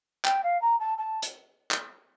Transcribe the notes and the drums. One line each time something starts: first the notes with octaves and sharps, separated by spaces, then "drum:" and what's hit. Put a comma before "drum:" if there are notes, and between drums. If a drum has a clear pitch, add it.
G5, drum: clap
F5
A#5
A5
A5
drum: hi-hat
drum: clap